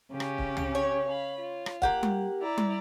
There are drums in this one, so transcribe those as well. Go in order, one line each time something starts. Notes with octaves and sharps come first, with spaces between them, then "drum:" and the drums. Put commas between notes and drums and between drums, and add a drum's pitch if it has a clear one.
C#3 C#4 G4
drum: rim click
drum: kick
drum: tom
C#5
F5 B5
F4
drum: rim click
A#3 G4 F#5, drum: kick
drum: tom G3
E4 D5 A#5
drum: tom G3